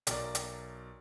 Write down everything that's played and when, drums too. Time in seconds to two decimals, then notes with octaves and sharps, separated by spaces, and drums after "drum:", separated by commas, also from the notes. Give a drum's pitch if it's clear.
0.07 B1 F#3 A#4 D5, drum: hi-hat
0.35 drum: hi-hat